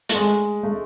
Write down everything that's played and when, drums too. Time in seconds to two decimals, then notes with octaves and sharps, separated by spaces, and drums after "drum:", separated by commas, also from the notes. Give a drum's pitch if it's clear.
0.09 A3, drum: hi-hat
0.14 G#3
0.63 A3